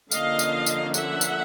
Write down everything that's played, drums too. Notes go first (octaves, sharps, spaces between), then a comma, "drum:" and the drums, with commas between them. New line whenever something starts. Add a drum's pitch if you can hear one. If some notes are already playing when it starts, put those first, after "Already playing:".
D3 F3 A#3 C#4 D#5 F5, drum: tambourine
drum: tambourine
drum: tambourine
E5 F#5, drum: tambourine
drum: tambourine